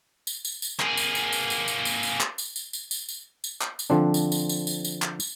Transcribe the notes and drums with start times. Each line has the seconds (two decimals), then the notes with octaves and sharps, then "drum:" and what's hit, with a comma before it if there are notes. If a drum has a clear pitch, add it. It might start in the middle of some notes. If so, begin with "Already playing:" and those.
0.27 drum: tambourine
0.45 drum: tambourine
0.62 drum: tambourine
0.80 A#3 G#4, drum: clap
0.97 drum: tambourine
1.15 drum: tambourine
1.33 drum: tambourine
1.50 drum: tambourine
1.68 drum: tambourine
1.85 drum: tambourine
2.03 drum: tambourine
2.21 drum: clap
2.38 drum: tambourine
2.56 drum: tambourine
2.73 drum: tambourine
2.91 drum: tambourine
3.09 drum: tambourine
3.44 drum: tambourine
3.61 drum: clap
3.79 drum: tambourine
3.90 D3 F3 C4 D4
4.14 drum: tambourine
4.32 drum: tambourine
4.49 drum: tambourine
4.67 drum: tambourine
4.85 drum: tambourine
5.02 drum: clap
5.20 drum: tambourine